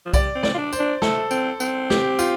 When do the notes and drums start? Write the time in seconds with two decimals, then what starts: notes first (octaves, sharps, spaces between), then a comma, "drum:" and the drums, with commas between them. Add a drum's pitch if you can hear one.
0.06 F3
0.14 G3 D5, drum: kick B1, tambourine
0.35 C4
0.43 D5, drum: snare
0.54 F4
0.58 D4
0.73 C5, drum: tambourine
0.79 D4
1.02 A3 A4, drum: snare
1.31 C4, drum: tambourine
1.60 C4, drum: tambourine
1.90 G4, drum: snare
2.19 F4, drum: tambourine